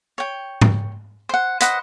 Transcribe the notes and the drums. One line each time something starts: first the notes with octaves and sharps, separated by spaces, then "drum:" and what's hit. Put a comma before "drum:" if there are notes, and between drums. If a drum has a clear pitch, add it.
C#5 G5
drum: tom G#2
C5 F#5
B4 C5 D#5 F#5, drum: hi-hat